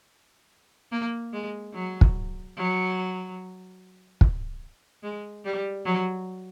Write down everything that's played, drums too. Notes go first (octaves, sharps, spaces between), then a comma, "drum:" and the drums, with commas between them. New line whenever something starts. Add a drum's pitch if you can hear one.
A#3
G#3
F#3
drum: kick
F#3
drum: kick
G#3
G3
F#3